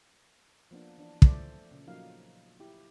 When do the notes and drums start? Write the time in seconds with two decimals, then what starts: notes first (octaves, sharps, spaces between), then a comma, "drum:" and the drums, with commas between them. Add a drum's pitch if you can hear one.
0.71 F3 A#3 B3 D4
0.98 E3 D4
1.22 F3 A3 A4 C5 D5 E5, drum: kick
1.71 A#2 C#3
1.87 F3 F#3 A#3 D#4 F5
2.60 E4 G4